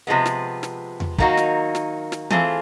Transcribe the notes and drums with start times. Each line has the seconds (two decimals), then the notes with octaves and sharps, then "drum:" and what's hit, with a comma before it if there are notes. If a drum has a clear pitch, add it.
0.07 C3 F3 G#3 B3
0.26 drum: snare
0.63 drum: snare
1.00 drum: tom E2
1.18 D#3 F#3 A#3 D#4 F#4, drum: kick
1.37 drum: snare
1.75 drum: snare
2.12 drum: snare
2.30 E3 A3 C4 F4 G#4, drum: tom